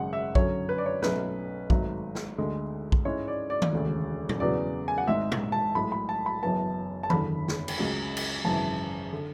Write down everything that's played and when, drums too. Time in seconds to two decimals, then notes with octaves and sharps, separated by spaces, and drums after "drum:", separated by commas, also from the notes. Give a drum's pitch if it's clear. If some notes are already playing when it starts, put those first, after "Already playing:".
Already playing: G#1 F#2 C#3 G#3 F#5
0.13 E5
0.35 F#2 D3 F#3 C#4 C#5, drum: kick A#1
0.69 B4
0.78 D5
0.86 C#5
1.02 B1 B2 F#3 A3 C#4 B4, drum: snare
1.70 G#1 G#2 F#3 A3, drum: kick A#1
2.15 drum: snare
2.38 D2 D3 G#3
2.92 drum: kick A#1
3.05 G#2 G#3 C#4 E4 C#5
3.28 D5
3.50 D5
3.62 drum: tom D#3
3.73 E1 D2 C#3
4.29 drum: tom
4.40 E2 C#3 F#3 B3 D5
4.88 G#5
4.98 F#5
5.08 G#1 G#2 G#3 E5
5.32 drum: tom
5.52 A5
5.75 B1 A2 G#3 B5
5.92 B5
6.09 A5
6.26 B5
6.43 F#1 F#2 E3 B3 A5
7.03 A5
7.10 F#1 E2 D3 B5, drum: tom D#3
7.48 drum: snare
7.68 drum: cymbal
7.78 C#2 C#3 F#3
8.17 drum: cymbal
8.44 G#1 F#2 C#3 E3 A5
9.13 D3